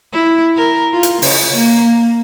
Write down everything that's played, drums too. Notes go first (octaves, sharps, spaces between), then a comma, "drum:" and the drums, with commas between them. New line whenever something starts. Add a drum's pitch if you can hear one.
E4
A#4
F4
drum: hi-hat
C#3, drum: open hi-hat
A#3